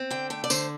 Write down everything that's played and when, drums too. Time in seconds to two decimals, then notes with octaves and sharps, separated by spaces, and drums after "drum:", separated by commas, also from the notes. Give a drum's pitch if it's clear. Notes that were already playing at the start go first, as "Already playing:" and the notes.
Already playing: C4
0.10 D3 G5
0.30 A3 G5
0.44 D5
0.50 D3 C5, drum: tambourine